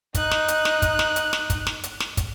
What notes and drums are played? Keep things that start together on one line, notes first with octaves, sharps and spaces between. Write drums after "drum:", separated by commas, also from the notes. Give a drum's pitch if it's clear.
D#4 F#6, drum: kick, hi-hat
drum: snare
drum: hi-hat
drum: snare
drum: kick, hi-hat
drum: snare
drum: hi-hat
drum: snare
drum: kick, hi-hat
drum: snare
drum: hi-hat
drum: snare
drum: kick, hi-hat